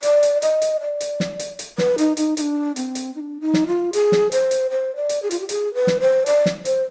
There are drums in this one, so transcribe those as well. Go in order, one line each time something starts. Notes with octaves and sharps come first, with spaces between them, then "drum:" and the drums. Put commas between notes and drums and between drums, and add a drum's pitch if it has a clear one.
D5, drum: hi-hat
drum: hi-hat
D#5, drum: hi-hat
drum: hi-hat
D5
drum: hi-hat
drum: snare
drum: hi-hat
drum: hi-hat
B4, drum: snare
D#4, drum: hi-hat
D#4, drum: hi-hat
D#4, drum: hi-hat
D4
C4, drum: hi-hat
drum: hi-hat
D#4
D4
D#4
drum: snare
F4
G#4, drum: hi-hat
drum: snare
C5, drum: hi-hat
drum: hi-hat
C5
D5
drum: hi-hat
G#4
F4, drum: hi-hat
G4
G#4, drum: hi-hat
B4
drum: snare
C5
D5, drum: hi-hat
drum: snare
C5, drum: hi-hat